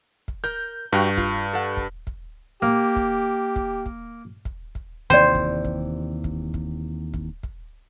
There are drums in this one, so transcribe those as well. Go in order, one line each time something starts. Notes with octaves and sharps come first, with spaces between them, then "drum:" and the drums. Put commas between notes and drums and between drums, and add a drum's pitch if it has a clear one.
drum: kick
A#4 G6
G2 F#4 F5 G5
F4, drum: kick
A4 F#5
drum: kick
drum: kick
A#3 G4
drum: kick
drum: kick
drum: kick
drum: kick
drum: kick
D#2 C3 E3 C5 D5 G5
drum: kick
drum: kick
drum: kick
drum: kick
drum: kick
drum: kick